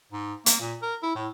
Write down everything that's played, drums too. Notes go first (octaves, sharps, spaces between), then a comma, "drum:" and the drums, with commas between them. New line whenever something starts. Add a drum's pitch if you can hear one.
G#2
A#3, drum: hi-hat
A#2
A#4
E4
A2